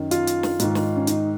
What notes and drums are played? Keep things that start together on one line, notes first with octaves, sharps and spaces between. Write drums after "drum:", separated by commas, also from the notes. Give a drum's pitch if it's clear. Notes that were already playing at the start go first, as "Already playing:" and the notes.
Already playing: F#2 D#3
F4, drum: hi-hat
drum: hi-hat
drum: snare
G#2 D#3, drum: hi-hat
drum: snare
C#4
D#4, drum: hi-hat